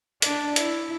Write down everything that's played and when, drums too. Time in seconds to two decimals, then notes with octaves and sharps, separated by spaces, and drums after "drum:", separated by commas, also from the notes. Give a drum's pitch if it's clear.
0.22 D4, drum: hi-hat
0.56 E4, drum: hi-hat